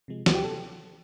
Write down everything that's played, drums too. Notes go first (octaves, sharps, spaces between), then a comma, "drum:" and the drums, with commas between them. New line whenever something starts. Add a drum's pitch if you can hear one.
C3 F3 G#3
D2 F#4, drum: snare
G4
C3 A4